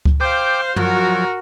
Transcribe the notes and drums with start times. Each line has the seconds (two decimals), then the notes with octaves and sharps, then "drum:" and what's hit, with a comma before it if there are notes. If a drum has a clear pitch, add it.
0.05 drum: kick C#2
0.21 C5 F5 G5 D6
0.76 F3 F#3 F#4 A#4, drum: tom